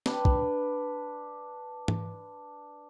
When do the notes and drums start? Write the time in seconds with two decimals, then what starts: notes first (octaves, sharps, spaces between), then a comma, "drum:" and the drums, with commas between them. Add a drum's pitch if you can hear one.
0.06 D4 B4 G5, drum: snare
0.25 drum: kick
1.88 drum: tom